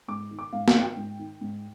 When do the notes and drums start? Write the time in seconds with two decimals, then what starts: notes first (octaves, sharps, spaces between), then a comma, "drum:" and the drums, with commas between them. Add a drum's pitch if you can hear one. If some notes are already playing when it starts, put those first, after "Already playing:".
0.08 G#2 D6
0.31 D#3
0.39 D6
0.53 G#2 F5
0.68 F5, drum: snare
0.75 D#3
0.82 G5
0.96 G#2
1.19 D#3
1.41 G#2